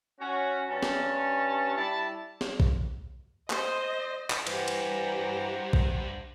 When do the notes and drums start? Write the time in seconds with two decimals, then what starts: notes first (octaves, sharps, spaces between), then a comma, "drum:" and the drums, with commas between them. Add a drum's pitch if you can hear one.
0.20 C#4 F#4
0.69 G2 C#4 A5
0.83 drum: snare
1.76 G3 E4 A5
2.41 drum: snare
2.60 drum: kick A#1
3.50 C5 D#5, drum: clap
4.30 drum: clap
4.47 G2 E3 G4 C5 F#5 A#5, drum: cymbal
4.68 drum: cymbal
5.73 drum: kick A#1